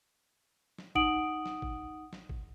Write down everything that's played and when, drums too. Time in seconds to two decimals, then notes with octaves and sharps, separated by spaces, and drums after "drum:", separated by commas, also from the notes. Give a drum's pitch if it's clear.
0.78 drum: snare
0.95 D#4 F#5 D#6 D7 F#7, drum: kick
1.46 drum: snare
1.62 drum: kick
2.13 drum: snare
2.29 drum: kick